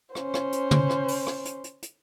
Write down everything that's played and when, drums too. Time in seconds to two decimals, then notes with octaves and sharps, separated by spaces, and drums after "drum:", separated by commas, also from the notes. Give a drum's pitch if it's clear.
0.15 C#4 C5, drum: rim click
0.34 drum: rim click
0.52 drum: hi-hat
0.71 drum: tom
0.90 drum: rim click
1.08 drum: open hi-hat
1.27 drum: rim click
1.45 drum: hi-hat
1.64 drum: hi-hat
1.82 drum: hi-hat